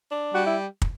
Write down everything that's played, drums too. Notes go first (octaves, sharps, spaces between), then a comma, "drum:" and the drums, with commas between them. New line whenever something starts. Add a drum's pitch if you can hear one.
D4
G3 F#4
E4
drum: kick